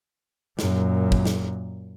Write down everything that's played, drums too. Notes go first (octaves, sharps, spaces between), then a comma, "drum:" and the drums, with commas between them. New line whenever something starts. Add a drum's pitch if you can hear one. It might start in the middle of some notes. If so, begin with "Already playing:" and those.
F#2 A#2, drum: snare
drum: kick
drum: snare